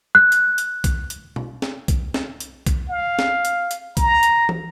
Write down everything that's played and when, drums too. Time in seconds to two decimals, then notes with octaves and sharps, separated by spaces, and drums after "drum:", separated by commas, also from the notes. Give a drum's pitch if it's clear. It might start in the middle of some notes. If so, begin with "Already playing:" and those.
0.15 F#6
0.32 drum: hi-hat
0.58 drum: hi-hat
0.84 drum: kick B1, hi-hat
1.10 drum: hi-hat
1.36 drum: tom B2
1.62 drum: snare
1.88 drum: kick B1, hi-hat
2.14 drum: snare
2.40 drum: hi-hat
2.66 drum: kick B1, hi-hat
2.89 F5
3.19 drum: snare
3.45 drum: hi-hat
3.71 drum: hi-hat
3.97 A#5, drum: kick B1, hi-hat
4.23 drum: hi-hat
4.49 drum: tom